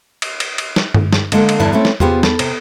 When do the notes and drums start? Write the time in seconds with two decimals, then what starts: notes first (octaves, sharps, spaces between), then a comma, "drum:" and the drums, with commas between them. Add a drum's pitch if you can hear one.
0.22 drum: cymbal
0.40 drum: cymbal
0.58 drum: cymbal
0.76 drum: snare
0.94 drum: tom G2
1.13 drum: snare
1.32 D3 G#3 A#3 A4, drum: cymbal
1.49 drum: cymbal
1.59 E2 G2 D3 D4 E4 A5
1.72 A3 C4 C#4 E4 A4
1.85 drum: snare
2.00 B3 F4 G4 G#4 C5, drum: tom E2
2.23 A4, drum: snare
2.39 C3, drum: cymbal